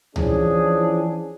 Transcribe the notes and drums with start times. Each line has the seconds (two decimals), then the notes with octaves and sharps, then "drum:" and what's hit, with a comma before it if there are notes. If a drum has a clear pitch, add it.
0.16 E3 F3 C#4 D4 G#4, drum: tom C#2